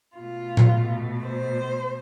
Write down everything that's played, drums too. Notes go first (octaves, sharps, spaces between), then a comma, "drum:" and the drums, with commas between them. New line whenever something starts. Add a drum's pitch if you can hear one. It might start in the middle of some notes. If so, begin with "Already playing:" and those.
B2 A3 F4
drum: tom A#2
C5